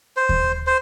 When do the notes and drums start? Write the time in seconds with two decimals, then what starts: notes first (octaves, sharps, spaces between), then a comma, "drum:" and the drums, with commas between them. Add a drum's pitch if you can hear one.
0.16 C5
0.29 drum: kick D#2
0.67 C5